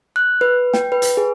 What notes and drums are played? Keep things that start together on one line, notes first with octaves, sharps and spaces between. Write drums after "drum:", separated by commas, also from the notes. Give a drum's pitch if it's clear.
F#6
B4
G5, drum: snare
B4
drum: hi-hat
G#4